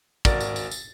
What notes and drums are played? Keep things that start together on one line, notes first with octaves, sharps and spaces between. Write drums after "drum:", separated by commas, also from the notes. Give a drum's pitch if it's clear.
G#1 F#4 A#4 D5 A6, drum: kick, tambourine
drum: tambourine
drum: tambourine
drum: tambourine